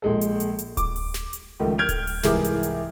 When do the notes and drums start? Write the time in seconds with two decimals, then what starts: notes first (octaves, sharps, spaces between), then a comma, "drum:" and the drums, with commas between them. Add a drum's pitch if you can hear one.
0.02 A#1 G#3 A4
0.21 drum: hi-hat
0.40 drum: hi-hat
0.59 drum: hi-hat
0.77 D6, drum: kick D1, hi-hat
0.96 drum: open hi-hat
1.14 drum: snare
1.33 drum: hi-hat
1.59 C#2 D#3 F3 A3
1.78 F6 G6 G#6 D7 F7
1.89 drum: kick D1, hi-hat
2.07 drum: open hi-hat
2.24 C2 G#2 E3 G#4 A#4 D6, drum: snare
2.44 drum: hi-hat
2.63 drum: hi-hat